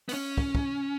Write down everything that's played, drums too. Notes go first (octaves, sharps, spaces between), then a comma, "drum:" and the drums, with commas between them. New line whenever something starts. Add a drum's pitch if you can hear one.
B3, drum: open hi-hat
C#4
drum: kick
drum: kick